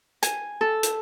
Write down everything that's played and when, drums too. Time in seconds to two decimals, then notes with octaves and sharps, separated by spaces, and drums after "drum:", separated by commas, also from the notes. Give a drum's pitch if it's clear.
0.23 G#5, drum: hi-hat
0.61 A4
0.83 drum: hi-hat